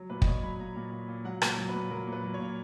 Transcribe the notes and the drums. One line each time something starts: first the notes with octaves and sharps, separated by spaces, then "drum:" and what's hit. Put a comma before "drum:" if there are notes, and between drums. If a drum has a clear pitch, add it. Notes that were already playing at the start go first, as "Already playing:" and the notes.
Already playing: F#3
A#2 B4
D#5, drum: kick
A#2 C#5
F#3 B5
A#2 A#5
A#2
A#2
A#2
F#3 F#5
A#2, drum: rim click
F#5
F#3
B4
A#2
F#3 A#4
A#2
B4
F#3
C#5
A#2